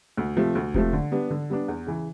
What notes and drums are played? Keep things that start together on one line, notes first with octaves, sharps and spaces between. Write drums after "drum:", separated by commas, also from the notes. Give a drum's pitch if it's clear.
D2
C3 F3 A3
D2
C3 F3 A3, drum: kick E1
D3
G3 B3 D4
D3
G3 B3 D4
E2
C#3 E3